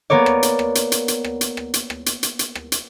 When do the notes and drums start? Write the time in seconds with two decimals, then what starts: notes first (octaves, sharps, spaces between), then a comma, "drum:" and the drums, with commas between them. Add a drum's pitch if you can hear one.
0.10 A#3 B3 A#4 C#5 D5
0.26 drum: rim click
0.43 drum: hi-hat
0.59 drum: rim click
0.75 drum: hi-hat
0.92 drum: hi-hat
1.08 drum: hi-hat
1.24 drum: rim click
1.41 drum: hi-hat
1.57 drum: rim click
1.74 drum: hi-hat
1.90 drum: rim click
2.06 drum: hi-hat
2.23 drum: hi-hat
2.39 drum: hi-hat
2.55 drum: rim click
2.72 drum: hi-hat